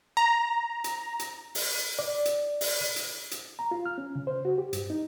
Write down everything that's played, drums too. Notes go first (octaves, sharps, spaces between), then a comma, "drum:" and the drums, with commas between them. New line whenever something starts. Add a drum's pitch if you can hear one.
A#5
drum: hi-hat
drum: hi-hat
drum: open hi-hat
D5
drum: hi-hat
drum: open hi-hat
drum: hi-hat
drum: hi-hat
A#5
F4
F6
C#4
C#3
C5
F#4
G4
G2, drum: hi-hat
D#4